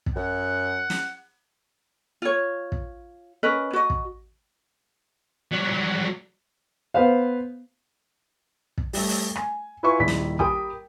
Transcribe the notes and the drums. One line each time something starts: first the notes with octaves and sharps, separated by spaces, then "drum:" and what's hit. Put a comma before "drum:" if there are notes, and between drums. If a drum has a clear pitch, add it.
drum: kick
F#2 F#5
drum: snare
F4 C#5
drum: kick
C#4 A#4 B4 D#5
F#4 D#5
drum: kick
F#3 G3
B3 B4 C5 F5
drum: kick
G3 A3, drum: open hi-hat
drum: open hi-hat
G#5, drum: rim click
E4 F4 B4 E5 G#5 C#6
D#1 A#1 D#3 E4 B6
drum: snare
G4 A#4 G5 B5 D#6, drum: kick